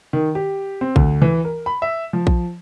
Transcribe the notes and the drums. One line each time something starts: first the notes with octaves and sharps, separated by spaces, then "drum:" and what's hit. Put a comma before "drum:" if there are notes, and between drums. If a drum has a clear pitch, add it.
D#3
G4
C4
D2, drum: kick A#1
E3
A#4
B5
E5
F3
drum: kick A#1